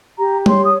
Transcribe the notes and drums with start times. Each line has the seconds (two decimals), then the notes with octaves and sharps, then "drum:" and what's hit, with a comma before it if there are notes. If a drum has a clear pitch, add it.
0.19 G4 A#5
0.46 C#5 C6, drum: tom G3
0.64 D#6